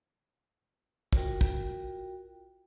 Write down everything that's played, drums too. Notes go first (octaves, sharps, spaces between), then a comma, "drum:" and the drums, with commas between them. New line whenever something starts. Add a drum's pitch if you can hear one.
F4 F#4 A#4 G5, drum: kick
drum: kick